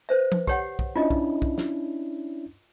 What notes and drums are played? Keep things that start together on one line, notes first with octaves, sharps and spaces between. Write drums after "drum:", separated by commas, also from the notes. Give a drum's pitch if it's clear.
B4 C5 E5
drum: tom F3
G4 C#5 F#5, drum: kick
drum: kick
C#4 D4 E4 F4 D#5
drum: kick
drum: kick
drum: snare